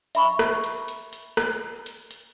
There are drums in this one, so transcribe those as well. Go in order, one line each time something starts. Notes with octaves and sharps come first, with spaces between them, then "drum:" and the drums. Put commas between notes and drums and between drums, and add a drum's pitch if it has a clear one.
E5 B5 C#6, drum: hi-hat
drum: rim click
drum: hi-hat
drum: hi-hat
drum: hi-hat
drum: rim click
drum: hi-hat
drum: hi-hat